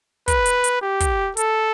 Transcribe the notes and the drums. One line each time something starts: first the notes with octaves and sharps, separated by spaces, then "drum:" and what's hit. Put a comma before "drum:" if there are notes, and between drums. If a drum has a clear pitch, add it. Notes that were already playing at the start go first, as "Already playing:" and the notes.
B4, drum: kick, hi-hat
drum: hi-hat
drum: hi-hat
G4
drum: kick, hi-hat
A4, drum: hi-hat